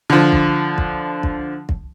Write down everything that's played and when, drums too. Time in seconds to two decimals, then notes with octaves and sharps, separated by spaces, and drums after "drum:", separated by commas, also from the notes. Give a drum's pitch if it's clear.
0.10 D3 F3
0.32 drum: kick
0.78 drum: kick
1.23 drum: kick
1.69 drum: kick